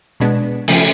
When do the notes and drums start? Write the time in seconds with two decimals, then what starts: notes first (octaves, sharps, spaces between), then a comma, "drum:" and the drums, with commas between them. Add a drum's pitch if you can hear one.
0.20 B2 G#3 B3 D4
0.68 C#3 F3 A3 C#4, drum: open hi-hat